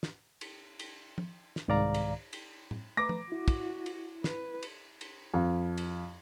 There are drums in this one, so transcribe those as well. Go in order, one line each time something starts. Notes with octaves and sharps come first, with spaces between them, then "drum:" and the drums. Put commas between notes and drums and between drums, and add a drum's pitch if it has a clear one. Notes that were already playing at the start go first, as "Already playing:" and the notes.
drum: snare
drum: cymbal
drum: cymbal
drum: tom
drum: snare
C2 G#2 D#3 D5 F5 A#5
drum: cymbal
drum: cymbal
drum: tom A2
A3 B4 A#5 D6 A#6
drum: tom
E4 F#4
drum: kick, cymbal
drum: cymbal
B4, drum: snare
drum: cymbal
drum: cymbal
F2
drum: cymbal